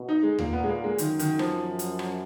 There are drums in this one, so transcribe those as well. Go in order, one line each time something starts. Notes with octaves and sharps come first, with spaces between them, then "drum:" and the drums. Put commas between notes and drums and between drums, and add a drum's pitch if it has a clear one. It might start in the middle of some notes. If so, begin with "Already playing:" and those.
Already playing: B2
D#4
G#3
A#2 A#3, drum: tom D#2
B3
G#3
A#3
G#3
F#2 D#3, drum: hi-hat
D#3, drum: hi-hat
F3, drum: rim click
drum: hi-hat
drum: rim click